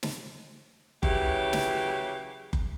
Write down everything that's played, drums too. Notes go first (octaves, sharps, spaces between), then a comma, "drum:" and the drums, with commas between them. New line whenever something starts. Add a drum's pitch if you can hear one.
drum: snare
C#3 E3 F#3 E4 F#4 G4, drum: kick F#1
drum: snare
drum: kick F#1